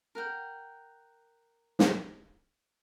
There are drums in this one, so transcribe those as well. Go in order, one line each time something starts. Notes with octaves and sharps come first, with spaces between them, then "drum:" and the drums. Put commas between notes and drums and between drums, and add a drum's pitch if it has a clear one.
A#4 F#5 G5
drum: snare